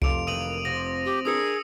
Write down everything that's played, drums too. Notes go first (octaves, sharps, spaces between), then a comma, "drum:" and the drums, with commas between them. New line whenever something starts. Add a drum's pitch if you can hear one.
F1 F4 A4 D6 D7 F7, drum: kick C2
D#3 E3 A#3 D#6 D#7 F#7
C3 F3 F#4 A#6
G4
D4 G#4 A#4 D#6 E6 C#7